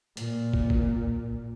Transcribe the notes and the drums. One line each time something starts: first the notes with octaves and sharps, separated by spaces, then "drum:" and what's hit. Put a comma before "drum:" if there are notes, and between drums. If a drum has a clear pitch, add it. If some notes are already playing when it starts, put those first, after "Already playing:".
A#2, drum: hi-hat
drum: kick
drum: kick